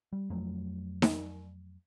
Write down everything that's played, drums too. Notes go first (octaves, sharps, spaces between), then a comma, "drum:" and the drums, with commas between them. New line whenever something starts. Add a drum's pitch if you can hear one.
G3
F2 F3 F#3 A3
drum: snare D#4